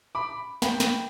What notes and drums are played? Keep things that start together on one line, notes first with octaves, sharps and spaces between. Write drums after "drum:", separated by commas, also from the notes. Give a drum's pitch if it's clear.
B5 D6
G5 B5, drum: snare
drum: snare